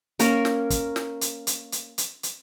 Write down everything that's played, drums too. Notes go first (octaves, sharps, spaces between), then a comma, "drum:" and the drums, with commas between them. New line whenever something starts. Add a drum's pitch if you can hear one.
A#3 C#4 A#4, drum: hi-hat
drum: snare
drum: kick, hi-hat
drum: snare
drum: hi-hat
drum: hi-hat
drum: hi-hat
drum: hi-hat
drum: hi-hat